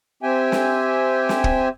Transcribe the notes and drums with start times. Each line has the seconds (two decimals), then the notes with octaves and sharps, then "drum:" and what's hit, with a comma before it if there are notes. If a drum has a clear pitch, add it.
0.23 C4 G4 E5 G5 G#5
0.52 drum: snare
1.29 drum: snare
1.44 drum: kick